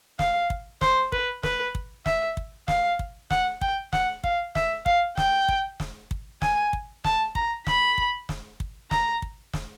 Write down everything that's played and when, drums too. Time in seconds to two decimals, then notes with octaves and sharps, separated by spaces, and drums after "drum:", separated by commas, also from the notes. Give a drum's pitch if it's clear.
0.19 F5, drum: snare
0.50 drum: kick
0.81 C5, drum: snare
1.12 B4, drum: kick
1.43 B4, drum: snare
1.75 drum: kick
2.06 E5, drum: snare
2.37 drum: kick
2.68 F5, drum: snare
2.99 drum: kick
3.30 F#5, drum: snare
3.61 G5, drum: kick
3.93 F#5, drum: snare
4.24 F5, drum: kick
4.55 E5, drum: snare
4.86 F5, drum: kick
5.17 G5, drum: snare
5.49 drum: kick
5.80 drum: snare
6.11 drum: kick
6.42 G#5, drum: snare
6.73 drum: kick
7.04 A5, drum: snare
7.35 A#5, drum: kick
7.67 B5, drum: snare
7.98 drum: kick
8.29 drum: snare
8.60 drum: kick
8.91 A#5, drum: snare
9.22 drum: kick
9.53 drum: snare